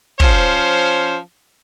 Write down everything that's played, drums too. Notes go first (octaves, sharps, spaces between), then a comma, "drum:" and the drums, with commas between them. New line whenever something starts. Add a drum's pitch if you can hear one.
F3 C#4 C5, drum: kick